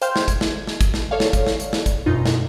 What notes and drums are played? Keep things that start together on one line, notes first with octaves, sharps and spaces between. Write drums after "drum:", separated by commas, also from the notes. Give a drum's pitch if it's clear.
C5 F5 G5 C6 F6 G6, drum: hi-hat
G#6, drum: snare
drum: kick, hi-hat
drum: snare
drum: snare
drum: kick, hi-hat
drum: snare
A4 C#5 D5 F5
drum: snare
drum: kick, hi-hat
drum: snare
drum: hi-hat
drum: snare
drum: kick, hi-hat
F#2 B2 D#4 F4
drum: snare